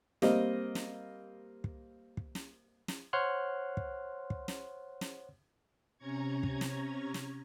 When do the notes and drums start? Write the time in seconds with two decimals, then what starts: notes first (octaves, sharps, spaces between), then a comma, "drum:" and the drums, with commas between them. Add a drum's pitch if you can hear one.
0.22 G3 A#3 C4 D#5, drum: snare
0.75 drum: snare
1.64 drum: kick
2.17 drum: kick
2.35 drum: snare
2.88 drum: snare
3.13 C5 C#5 F#5 C6 F6 F#6
3.77 drum: kick
4.30 drum: kick
4.48 drum: snare
5.01 drum: snare
5.98 C3 C#4 A#5 C#6 G#6
6.43 drum: kick
6.61 drum: snare
7.14 drum: snare